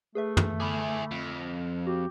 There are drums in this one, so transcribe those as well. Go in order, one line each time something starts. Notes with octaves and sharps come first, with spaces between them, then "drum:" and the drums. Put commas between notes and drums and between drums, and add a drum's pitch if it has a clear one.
A3 G#4 B4 E5
drum: tom
D3 E4 G#4 B5 D6
F2
F#4 G4